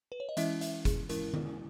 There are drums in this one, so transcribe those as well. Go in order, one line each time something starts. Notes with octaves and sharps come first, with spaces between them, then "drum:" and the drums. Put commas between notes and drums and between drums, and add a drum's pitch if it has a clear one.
B4
C#5
D#5
E3 G#3 C#4 E4 E5, drum: hi-hat
E5, drum: hi-hat
G#4, drum: kick F#1, hi-hat
E3 G#3 C#4 E4 A#4, drum: hi-hat
drum: tom D3